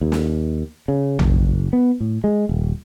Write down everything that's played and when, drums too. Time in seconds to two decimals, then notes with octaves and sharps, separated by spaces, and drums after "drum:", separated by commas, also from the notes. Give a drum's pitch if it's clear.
0.01 D#2
0.12 drum: snare
0.88 C#3
1.19 F#1, drum: tom A#1
1.73 B3
2.00 A2
2.24 G#3
2.49 D#1